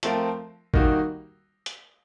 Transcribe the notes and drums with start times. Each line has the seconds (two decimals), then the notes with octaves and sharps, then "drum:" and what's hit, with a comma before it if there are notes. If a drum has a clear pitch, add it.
0.03 F3 A3 C4 F4 A#4, drum: hi-hat
0.74 D#3 G3 A#3 D#4 F#4, drum: kick
1.66 drum: hi-hat